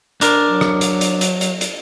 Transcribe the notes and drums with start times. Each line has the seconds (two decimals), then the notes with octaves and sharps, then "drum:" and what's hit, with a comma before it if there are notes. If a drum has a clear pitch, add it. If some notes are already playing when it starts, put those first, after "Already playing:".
0.21 D4 A#4, drum: hi-hat
0.48 F#3
0.61 drum: rim click
0.81 drum: hi-hat
1.01 drum: hi-hat
1.21 drum: hi-hat
1.41 drum: hi-hat
1.61 drum: hi-hat